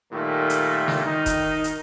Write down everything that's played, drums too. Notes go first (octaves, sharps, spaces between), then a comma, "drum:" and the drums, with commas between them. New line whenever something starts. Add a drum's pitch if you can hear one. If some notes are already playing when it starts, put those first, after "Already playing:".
A#2 D#3 G3 A3
drum: hi-hat
drum: snare
D#3 D#4
drum: kick F1, hi-hat
drum: hi-hat